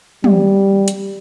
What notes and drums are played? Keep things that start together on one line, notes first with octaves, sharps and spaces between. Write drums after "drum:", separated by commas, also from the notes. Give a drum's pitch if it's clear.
G3, drum: tom
drum: hi-hat